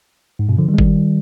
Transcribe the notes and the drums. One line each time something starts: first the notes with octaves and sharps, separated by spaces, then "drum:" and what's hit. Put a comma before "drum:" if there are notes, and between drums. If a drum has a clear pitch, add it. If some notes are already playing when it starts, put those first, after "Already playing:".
G#2
G2 B2
D3 F3
D#3 G3
G#3
D#3 G3, drum: kick G1